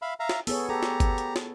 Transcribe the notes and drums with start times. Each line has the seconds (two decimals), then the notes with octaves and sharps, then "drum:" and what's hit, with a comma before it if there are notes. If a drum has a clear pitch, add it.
0.02 E5 F5 B5
0.20 E5 F5 A#5
0.29 drum: snare
0.47 B3 G#4 A4 C#5, drum: open hi-hat
0.69 G4 A4 A#5
0.83 drum: snare
1.00 drum: kick G1, hi-hat
1.18 drum: hi-hat
1.36 drum: snare